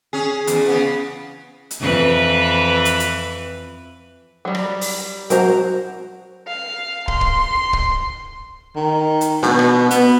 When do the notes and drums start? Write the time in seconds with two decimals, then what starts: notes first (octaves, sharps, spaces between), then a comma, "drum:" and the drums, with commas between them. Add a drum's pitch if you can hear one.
0.13 C#4 G#4
0.47 E2, drum: hi-hat
0.68 C#3 B3
1.71 drum: hi-hat
1.80 F2 E3 B4
2.85 drum: hi-hat
3.00 drum: hi-hat
4.45 F#3 G3
4.55 drum: rim click
4.81 drum: open hi-hat
5.30 F#3 F#4 A#4 C5 A#5, drum: hi-hat
6.47 F5
7.08 C6, drum: kick
7.21 drum: kick
7.73 drum: kick
8.76 D#3
9.21 drum: hi-hat
9.43 B2, drum: snare
9.59 drum: rim click
9.91 B3, drum: hi-hat